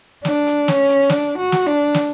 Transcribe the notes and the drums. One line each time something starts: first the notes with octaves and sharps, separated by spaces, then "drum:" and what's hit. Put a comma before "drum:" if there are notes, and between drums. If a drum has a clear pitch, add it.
D4, drum: snare
drum: hi-hat
C#4, drum: snare
drum: hi-hat
D4, drum: snare
F#4
drum: snare
D4
drum: snare